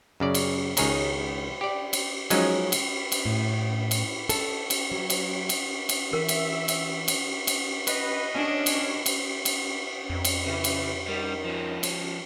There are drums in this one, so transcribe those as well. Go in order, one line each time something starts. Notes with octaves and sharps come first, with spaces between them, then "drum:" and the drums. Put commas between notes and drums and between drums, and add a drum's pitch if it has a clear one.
F#2 C#3 D5
drum: cymbal
C#2 D#3 G#4 C#5 A#5, drum: cymbal
G4 D5
drum: cymbal
F3 F#3 G#3 C#4 D#4, drum: cymbal
drum: cymbal
drum: cymbal
A2
drum: cymbal
A4, drum: cymbal
drum: cymbal
F#3
drum: cymbal
drum: cymbal
drum: cymbal
E3 A#4 E5
drum: cymbal
drum: cymbal
drum: cymbal
drum: cymbal
B4 D#5, drum: cymbal
C#4 D4
drum: cymbal
drum: cymbal
drum: cymbal
F2
drum: cymbal
C#3 E3
drum: cymbal
D#3 G3
F3 C#4
drum: cymbal